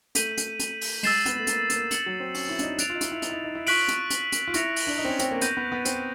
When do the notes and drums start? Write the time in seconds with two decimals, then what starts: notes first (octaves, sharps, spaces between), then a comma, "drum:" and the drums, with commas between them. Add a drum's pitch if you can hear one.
0.15 A3 G6 B6 D#7 F#7, drum: hi-hat
0.38 drum: hi-hat
0.59 drum: hi-hat
0.81 drum: open hi-hat
1.03 G#3 E6 A6 C7 E7, drum: open hi-hat
1.26 B3, drum: hi-hat
1.39 A3
1.47 A#3, drum: hi-hat
1.70 A#3, drum: hi-hat
1.91 A6 C#7 F#7, drum: hi-hat
2.06 F#3
2.20 C4
2.34 C#4, drum: open hi-hat
2.49 E4
2.59 D4, drum: hi-hat
2.64 D#4
2.78 F#6 A6 D7 F7, drum: hi-hat
2.90 F4
2.95 D#4
3.01 E4, drum: hi-hat
3.12 E4
3.22 D#4, drum: hi-hat
3.30 E4
3.33 D#4
3.44 D#4
3.55 E4
3.67 F4 C#6 F#6 B6 D7 F#7, drum: open hi-hat
3.88 drum: hi-hat
4.10 drum: hi-hat
4.32 drum: hi-hat
4.48 F4
4.54 E4 C#6 F6 A#6 C#7 F7, drum: hi-hat
4.76 drum: open hi-hat
4.87 D4
4.98 D#4
5.05 C4
5.09 C#4
5.19 C4, drum: hi-hat
5.31 A#3
5.41 B3 G6 A#6 D#7, drum: hi-hat
5.57 B3
5.72 B3
5.85 C4, drum: hi-hat